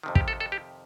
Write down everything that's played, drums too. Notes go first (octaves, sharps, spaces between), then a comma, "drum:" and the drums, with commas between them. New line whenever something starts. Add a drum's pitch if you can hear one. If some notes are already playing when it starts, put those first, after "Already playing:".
F2 C3 D#3
G4, drum: kick
A4
A4
G4